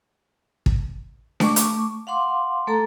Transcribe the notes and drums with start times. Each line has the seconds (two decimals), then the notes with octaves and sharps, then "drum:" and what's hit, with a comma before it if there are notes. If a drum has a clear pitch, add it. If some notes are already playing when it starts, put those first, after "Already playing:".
0.66 drum: kick
1.40 A3 C#6 D6, drum: snare D4
1.56 drum: hi-hat
2.07 F5 F#5 C6 D6
2.67 A3 A4 A#5